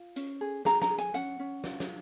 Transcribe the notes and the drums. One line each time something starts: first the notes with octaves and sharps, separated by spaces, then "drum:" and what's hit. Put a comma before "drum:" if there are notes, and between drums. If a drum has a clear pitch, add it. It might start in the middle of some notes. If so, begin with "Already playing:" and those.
Already playing: F4
C#4, drum: hi-hat
G#4
G#4 A#5, drum: snare
A#5, drum: snare
G#4
G#5, drum: hi-hat
C#4 F#5, drum: hi-hat
C#4
F4, drum: snare
drum: snare